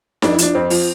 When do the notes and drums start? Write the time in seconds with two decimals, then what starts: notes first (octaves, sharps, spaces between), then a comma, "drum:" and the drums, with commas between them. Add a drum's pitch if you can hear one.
0.22 F2 D4, drum: snare D#4
0.33 E4
0.38 F3 D4, drum: hi-hat
0.54 F2 C4
0.70 F3, drum: open hi-hat